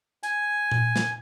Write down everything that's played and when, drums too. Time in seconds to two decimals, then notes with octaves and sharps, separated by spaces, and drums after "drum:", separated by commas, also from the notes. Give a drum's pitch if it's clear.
0.23 G#5, drum: hi-hat
0.72 drum: tom A#2
0.96 drum: snare